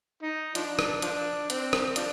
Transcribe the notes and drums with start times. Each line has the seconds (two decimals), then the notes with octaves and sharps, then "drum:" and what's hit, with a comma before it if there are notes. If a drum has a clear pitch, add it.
0.23 D#4
0.55 F3 D4, drum: hi-hat
0.79 drum: rim click
1.02 F3 D4, drum: hi-hat
1.50 C4, drum: hi-hat
1.73 drum: rim click
1.96 F3 D4, drum: hi-hat